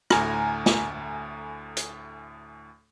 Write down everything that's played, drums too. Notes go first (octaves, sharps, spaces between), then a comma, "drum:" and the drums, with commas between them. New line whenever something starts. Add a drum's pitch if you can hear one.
D2 A2 G#5 A#5 F6, drum: rim click
drum: snare
drum: hi-hat